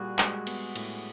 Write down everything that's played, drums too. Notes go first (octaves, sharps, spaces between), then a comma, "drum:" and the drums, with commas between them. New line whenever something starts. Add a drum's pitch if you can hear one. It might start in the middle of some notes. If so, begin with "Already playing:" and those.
Already playing: A#2 G3 F#4 G#4
G#3, drum: clap
B3, drum: cymbal
A2, drum: cymbal